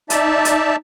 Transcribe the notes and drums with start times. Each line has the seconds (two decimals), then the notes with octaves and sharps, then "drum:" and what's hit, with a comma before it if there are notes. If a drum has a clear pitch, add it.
0.10 D#4 D5 E5 A5, drum: hi-hat
0.45 drum: hi-hat